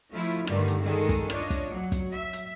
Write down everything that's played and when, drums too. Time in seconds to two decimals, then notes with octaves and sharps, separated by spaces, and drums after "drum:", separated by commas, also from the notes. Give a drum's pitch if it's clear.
0.13 F3 A3 E4 F4
0.47 G2 D3 D#3 G3 A3, drum: rim click
0.68 drum: hi-hat
0.84 D#3 G#3 G#4 A4
1.09 drum: kick, hi-hat
1.30 D4 F4 C#5 D#5, drum: rim click
1.50 drum: kick, hi-hat
1.72 F#3
1.92 drum: kick, hi-hat
2.14 E5
2.33 drum: hi-hat